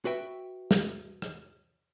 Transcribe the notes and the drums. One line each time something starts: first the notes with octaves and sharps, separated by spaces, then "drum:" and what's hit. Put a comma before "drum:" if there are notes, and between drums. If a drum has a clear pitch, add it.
F#4 B4 E5 G5
drum: snare
drum: rim click